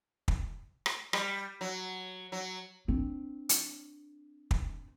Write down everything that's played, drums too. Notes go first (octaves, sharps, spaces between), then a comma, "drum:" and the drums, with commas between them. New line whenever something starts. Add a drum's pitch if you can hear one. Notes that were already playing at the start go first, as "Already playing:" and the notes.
drum: kick
drum: rim click
G3, drum: rim click
F#3
F#3
C4 D4
drum: hi-hat
drum: kick